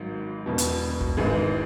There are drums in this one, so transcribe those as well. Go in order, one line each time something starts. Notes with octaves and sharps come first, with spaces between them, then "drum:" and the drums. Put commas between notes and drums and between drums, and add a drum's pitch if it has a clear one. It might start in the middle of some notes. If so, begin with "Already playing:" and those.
Already playing: G#1 G#2 F#3
E1 E2 B2
drum: hi-hat
drum: kick
G#1 G#2 E3 G#4